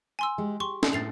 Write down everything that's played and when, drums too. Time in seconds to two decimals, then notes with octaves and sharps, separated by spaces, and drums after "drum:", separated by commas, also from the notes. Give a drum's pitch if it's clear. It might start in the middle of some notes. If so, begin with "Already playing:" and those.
0.19 G#5 C6 E6
0.38 G#3 G4
0.60 G4 C6 C#6
0.83 drum: snare C#4
0.93 A2 A6 C7 F7